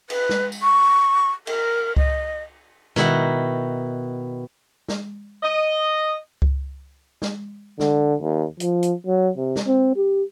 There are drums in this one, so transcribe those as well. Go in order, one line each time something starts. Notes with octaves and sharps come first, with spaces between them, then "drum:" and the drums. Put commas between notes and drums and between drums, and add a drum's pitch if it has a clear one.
B4, drum: cymbal
drum: snare
drum: tambourine
C#6
A#4, drum: cymbal
D#5, drum: kick C#2
B2 D#3 E4 F#5, drum: snare
drum: snare
D#5
drum: kick C#2
drum: snare
D3, drum: snare
D#2
F3, drum: hi-hat
drum: hi-hat
F#3
C3
drum: snare
C4
G4